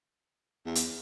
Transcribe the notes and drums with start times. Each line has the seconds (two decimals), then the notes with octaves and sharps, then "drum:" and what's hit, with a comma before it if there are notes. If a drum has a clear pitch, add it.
0.66 E2
0.75 drum: hi-hat